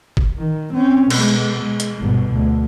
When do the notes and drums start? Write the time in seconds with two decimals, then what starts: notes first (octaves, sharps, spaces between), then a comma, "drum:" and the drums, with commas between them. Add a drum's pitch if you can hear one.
0.17 drum: kick
0.38 D#3
0.74 C4 C#4
1.10 B2 G#3, drum: cymbal
1.61 G#3
1.80 drum: hi-hat
2.00 G1 B2
2.32 D2